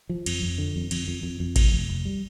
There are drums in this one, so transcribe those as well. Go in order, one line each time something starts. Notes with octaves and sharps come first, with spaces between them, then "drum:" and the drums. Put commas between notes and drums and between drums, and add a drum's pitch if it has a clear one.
F3
F2, drum: cymbal
F2
D3
F2
F2, drum: cymbal
F2
F2
F2
F1, drum: kick A1, cymbal
F1
F1
G3